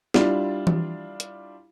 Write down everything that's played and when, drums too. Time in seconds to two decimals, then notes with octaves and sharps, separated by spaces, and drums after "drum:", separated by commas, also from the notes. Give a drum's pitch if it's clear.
0.14 G3 D4 E4 F4 F5, drum: snare
0.67 drum: tom E3
1.20 drum: hi-hat